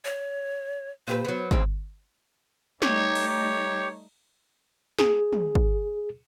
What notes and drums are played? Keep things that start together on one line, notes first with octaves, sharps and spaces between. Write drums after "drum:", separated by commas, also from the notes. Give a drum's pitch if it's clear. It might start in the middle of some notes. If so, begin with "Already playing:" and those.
C#5
A#2 G4 B4 C5
F#3 B3
D2 G#2 C4, drum: kick
G3 A3 D#4 G4 C#5, drum: snare
drum: cymbal
C#5
G#4, drum: snare
drum: tom
drum: kick